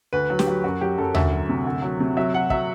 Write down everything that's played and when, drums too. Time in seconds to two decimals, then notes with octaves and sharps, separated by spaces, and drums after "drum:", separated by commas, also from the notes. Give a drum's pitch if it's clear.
0.13 D2 B4
0.30 F#3
0.39 G4, drum: snare
0.47 F#3
0.64 F#2 F#4
0.81 F#3 G4
0.98 F#2 A4
1.14 D2 E5, drum: tom D#2
1.31 F#3
1.49 C3
1.66 D2
1.82 F#3
2.00 C3
2.17 F#3 E5
2.34 F#3 F#5
2.50 F#3 E5, drum: kick